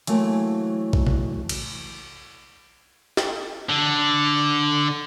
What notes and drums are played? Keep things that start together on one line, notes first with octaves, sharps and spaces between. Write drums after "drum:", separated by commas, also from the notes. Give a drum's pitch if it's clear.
E3 F#3 A3 A#3 C4, drum: hi-hat
drum: kick A#1
drum: tom C3
drum: cymbal
drum: snare
D3